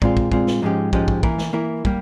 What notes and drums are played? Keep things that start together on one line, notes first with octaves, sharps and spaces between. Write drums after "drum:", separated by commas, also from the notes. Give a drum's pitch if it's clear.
A#2 G#3 C4 F4, drum: kick
drum: kick
A#2 G#3 C4 F4, drum: kick
drum: snare
G#2 F3 G#3 C#4 G4
G#2 F3 G#3 C#4 G4, drum: kick
drum: kick
E3 A#3 E4 A#4, drum: kick
drum: snare
E3 A#3 E4 A#4
G3 A#3, drum: kick